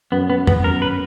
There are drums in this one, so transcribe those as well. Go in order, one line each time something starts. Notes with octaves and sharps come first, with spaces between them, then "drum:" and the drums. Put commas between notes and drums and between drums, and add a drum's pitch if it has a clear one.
F#2 B3
B3
B3, drum: tom F2
F#2 A#4
B4